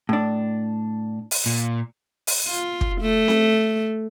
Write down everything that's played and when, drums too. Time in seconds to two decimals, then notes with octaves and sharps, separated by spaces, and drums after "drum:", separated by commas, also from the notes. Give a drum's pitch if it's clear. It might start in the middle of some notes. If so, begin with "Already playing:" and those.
0.09 A2 D4
1.31 drum: open hi-hat
1.46 A#2
2.27 drum: open hi-hat
2.47 F4
2.81 drum: kick
3.01 A3
3.28 drum: snare C4